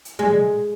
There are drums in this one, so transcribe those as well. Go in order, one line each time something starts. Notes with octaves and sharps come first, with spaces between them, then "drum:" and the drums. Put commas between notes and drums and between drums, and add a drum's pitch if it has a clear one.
drum: hi-hat
G#3, drum: tom F#3